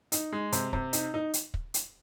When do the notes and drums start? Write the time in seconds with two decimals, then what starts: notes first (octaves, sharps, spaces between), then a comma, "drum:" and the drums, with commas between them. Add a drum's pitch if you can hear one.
0.12 D#4, drum: hi-hat
0.33 G#3
0.52 C3, drum: hi-hat
0.73 C3, drum: kick
0.93 D#4, drum: hi-hat
1.14 D#4
1.34 drum: hi-hat
1.54 drum: kick
1.74 drum: hi-hat